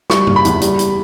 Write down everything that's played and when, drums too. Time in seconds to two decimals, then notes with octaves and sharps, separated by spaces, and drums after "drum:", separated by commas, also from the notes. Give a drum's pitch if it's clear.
0.10 G3 C#6, drum: snare
0.27 F#1, drum: tom G#2
0.36 B5
0.45 E2, drum: hi-hat
0.61 G3, drum: hi-hat
0.79 drum: hi-hat